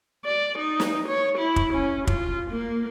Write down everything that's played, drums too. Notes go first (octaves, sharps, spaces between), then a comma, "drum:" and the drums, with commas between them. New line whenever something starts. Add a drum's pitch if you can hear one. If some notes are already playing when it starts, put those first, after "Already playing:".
D5
D#4
drum: snare
C#5
E4
drum: kick
C#4
F4, drum: kick
A#3